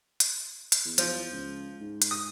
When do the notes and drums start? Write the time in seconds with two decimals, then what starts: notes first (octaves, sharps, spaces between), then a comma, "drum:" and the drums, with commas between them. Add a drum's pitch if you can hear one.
0.20 drum: hi-hat
0.72 drum: hi-hat
0.85 E2
0.98 F3, drum: hi-hat
1.32 C#2
1.81 G#2
2.02 drum: hi-hat
2.11 D#6